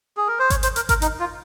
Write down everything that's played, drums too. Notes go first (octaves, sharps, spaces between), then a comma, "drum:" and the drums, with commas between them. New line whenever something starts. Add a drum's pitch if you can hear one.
G#4
A#4
C5
C#5, drum: kick G#1, hi-hat
C5, drum: hi-hat
A#4, drum: hi-hat
A#4, drum: kick G#1, hi-hat
D#4, drum: hi-hat
F4